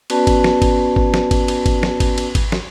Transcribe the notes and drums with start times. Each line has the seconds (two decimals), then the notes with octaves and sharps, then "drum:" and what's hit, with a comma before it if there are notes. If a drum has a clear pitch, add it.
0.10 B3 C#4 F#4 B4 D5 A5, drum: cymbal
0.27 drum: kick G#1, cymbal
0.44 drum: snare
0.62 drum: kick G#1, cymbal
0.96 drum: kick G#1
1.14 drum: snare
1.31 drum: kick G#1, cymbal
1.48 drum: cymbal
1.66 drum: kick G#1, cymbal
1.83 drum: snare
2.00 drum: kick G#1, cymbal
2.18 drum: cymbal
2.35 drum: kick G#1, cymbal
2.52 drum: snare